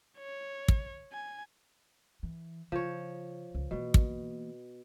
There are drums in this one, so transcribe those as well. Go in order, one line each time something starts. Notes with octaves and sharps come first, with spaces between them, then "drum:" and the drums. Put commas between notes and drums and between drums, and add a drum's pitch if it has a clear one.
C#5
drum: kick
G#5
E3
C#3 F3 C#5
C#2
B2 E3 A#3
drum: kick